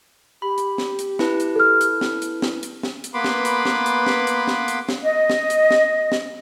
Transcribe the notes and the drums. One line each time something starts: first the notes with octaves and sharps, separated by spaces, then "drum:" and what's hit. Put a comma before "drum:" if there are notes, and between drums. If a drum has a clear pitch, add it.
G4 B5
drum: hi-hat
drum: snare
drum: hi-hat
E4 B4 A5, drum: snare
drum: hi-hat
A4 F6
drum: hi-hat
drum: snare
drum: hi-hat
drum: snare
drum: hi-hat
drum: snare
drum: hi-hat
A#3 B3 B4 B5 C6 D6
drum: snare
drum: hi-hat
drum: snare
drum: hi-hat
drum: snare
drum: hi-hat
drum: snare
drum: hi-hat
drum: snare
D#5
drum: snare
drum: hi-hat
drum: snare
drum: snare